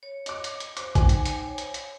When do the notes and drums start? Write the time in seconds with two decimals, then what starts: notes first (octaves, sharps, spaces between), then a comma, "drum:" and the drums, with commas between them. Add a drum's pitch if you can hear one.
0.03 C#5
0.26 D#5 D6, drum: hi-hat
0.44 drum: hi-hat
0.60 drum: hi-hat
0.77 C5 D6, drum: hi-hat
0.95 D#4 C5 G5 G#5 D6, drum: kick A#1, hi-hat
1.09 drum: hi-hat
1.25 drum: hi-hat
1.45 C#5
1.58 drum: hi-hat
1.74 drum: hi-hat